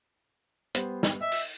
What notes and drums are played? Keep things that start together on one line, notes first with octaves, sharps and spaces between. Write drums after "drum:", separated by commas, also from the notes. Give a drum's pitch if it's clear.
G3 B3 C5, drum: hi-hat
drum: snare
D#5 E5
drum: open hi-hat